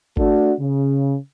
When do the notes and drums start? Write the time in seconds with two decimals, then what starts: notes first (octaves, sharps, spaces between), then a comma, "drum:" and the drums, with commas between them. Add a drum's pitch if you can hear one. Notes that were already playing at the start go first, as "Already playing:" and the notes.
0.17 A3 D4 F#4 A4, drum: kick G1
0.58 C#3